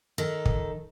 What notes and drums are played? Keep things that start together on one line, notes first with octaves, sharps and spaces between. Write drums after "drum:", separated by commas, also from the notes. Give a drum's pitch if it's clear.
D#3 A4
drum: kick